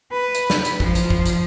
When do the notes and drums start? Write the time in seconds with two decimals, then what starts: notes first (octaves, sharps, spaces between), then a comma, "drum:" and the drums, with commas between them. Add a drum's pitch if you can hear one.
0.12 B4
0.35 drum: hi-hat
0.50 drum: snare
0.65 drum: hi-hat
0.80 F3, drum: kick
0.95 drum: hi-hat
1.10 drum: kick
1.26 drum: hi-hat